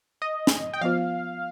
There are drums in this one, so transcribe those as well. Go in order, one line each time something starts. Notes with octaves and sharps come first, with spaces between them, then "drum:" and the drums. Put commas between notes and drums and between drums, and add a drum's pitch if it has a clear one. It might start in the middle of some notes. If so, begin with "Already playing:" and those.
D#5
drum: snare
G5
F3 B3 F4 C5 F5